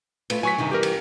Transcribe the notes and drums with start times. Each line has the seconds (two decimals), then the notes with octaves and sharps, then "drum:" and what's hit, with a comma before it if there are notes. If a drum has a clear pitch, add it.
0.30 A3 F4 B4, drum: cymbal
0.43 F#3 G#5 C#6 B6
0.58 G2 C3 D#3
0.71 E3 G3 G4 A#4
0.83 drum: cymbal